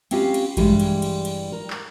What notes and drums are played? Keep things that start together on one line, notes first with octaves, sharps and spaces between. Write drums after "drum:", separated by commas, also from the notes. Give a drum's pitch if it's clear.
C4 C#4 F4 G4 B4 F5, drum: cymbal
drum: cymbal
G2 E3 G3 G#3, drum: kick A1, cymbal
drum: cymbal
drum: cymbal
drum: cymbal
A#4
drum: clap